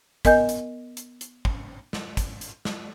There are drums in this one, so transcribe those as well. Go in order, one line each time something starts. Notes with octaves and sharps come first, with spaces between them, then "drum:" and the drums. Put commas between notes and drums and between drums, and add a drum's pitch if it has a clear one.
B3 A#4 D#5 G#5 G6, drum: kick, hi-hat
drum: hi-hat
drum: hi-hat
drum: hi-hat
drum: kick
drum: snare
drum: kick, hi-hat
drum: hi-hat
drum: snare